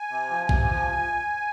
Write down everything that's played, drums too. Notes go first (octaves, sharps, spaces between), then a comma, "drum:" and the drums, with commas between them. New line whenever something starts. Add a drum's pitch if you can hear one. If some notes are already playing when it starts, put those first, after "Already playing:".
Already playing: G#5
C3
F3
C3, drum: kick
F3